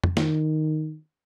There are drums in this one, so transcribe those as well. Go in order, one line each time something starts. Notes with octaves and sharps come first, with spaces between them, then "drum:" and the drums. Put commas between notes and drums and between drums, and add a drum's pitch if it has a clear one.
drum: tom
D#3, drum: snare